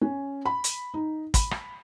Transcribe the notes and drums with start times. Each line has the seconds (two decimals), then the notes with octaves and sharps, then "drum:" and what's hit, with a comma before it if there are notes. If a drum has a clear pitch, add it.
0.01 C#4
0.45 B5
0.64 drum: hi-hat
0.94 D#4
1.34 B5, drum: kick, hi-hat
1.51 drum: rim click